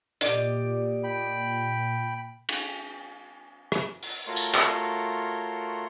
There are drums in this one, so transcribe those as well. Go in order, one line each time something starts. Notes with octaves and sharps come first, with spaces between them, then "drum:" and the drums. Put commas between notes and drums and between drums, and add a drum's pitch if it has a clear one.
A#2 G4 D5 D#5, drum: hi-hat
G5 B5
drum: cymbal
drum: rim click
drum: open hi-hat
A3 F4 F#4 A#4 C#5 C6
drum: tambourine
drum: clap